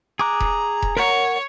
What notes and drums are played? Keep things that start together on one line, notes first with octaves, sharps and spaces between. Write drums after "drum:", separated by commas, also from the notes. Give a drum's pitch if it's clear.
G#4 A#5 D6 F#6
drum: kick E1
drum: kick E1
A#4 C#5 F#5